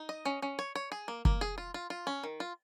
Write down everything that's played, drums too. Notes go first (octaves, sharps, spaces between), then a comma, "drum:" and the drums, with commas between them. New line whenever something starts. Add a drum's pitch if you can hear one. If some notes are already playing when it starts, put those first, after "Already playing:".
Already playing: D#4
D#5
C#4
C#4
C#5
C#5
G#4
A#3
A#3, drum: kick
G#4
F4
F4
F4
C#4
D#3
F4